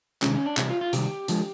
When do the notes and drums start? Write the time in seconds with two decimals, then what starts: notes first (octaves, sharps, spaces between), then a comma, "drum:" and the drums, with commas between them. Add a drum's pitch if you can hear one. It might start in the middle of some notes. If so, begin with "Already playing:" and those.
0.22 C3 D#3 G#3 C#4, drum: clap
0.34 C#4
0.46 D4
0.57 C3 E3 G3 E4, drum: clap
0.70 F4
0.81 F4
0.93 C3 D#3 G3 G4, drum: hi-hat
1.28 D3 F3 G#3, drum: hi-hat